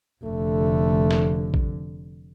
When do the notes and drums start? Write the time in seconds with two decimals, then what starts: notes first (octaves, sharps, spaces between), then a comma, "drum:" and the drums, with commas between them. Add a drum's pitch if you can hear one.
0.24 F1 D3 A3
1.11 drum: snare
1.54 drum: kick A1